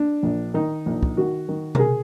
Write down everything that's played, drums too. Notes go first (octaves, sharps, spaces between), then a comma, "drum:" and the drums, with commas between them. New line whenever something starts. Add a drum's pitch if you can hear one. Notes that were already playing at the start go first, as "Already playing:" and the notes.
Already playing: D4
A#1
D#3 D#4
A#1
drum: kick
D#3 F#4
D#3
A#4, drum: tom B2
G#4